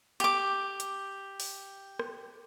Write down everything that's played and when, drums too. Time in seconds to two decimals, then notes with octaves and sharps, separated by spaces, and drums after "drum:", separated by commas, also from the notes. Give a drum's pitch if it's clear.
0.20 G4 D6, drum: hi-hat
0.80 drum: hi-hat
1.40 drum: open hi-hat
1.99 drum: rim click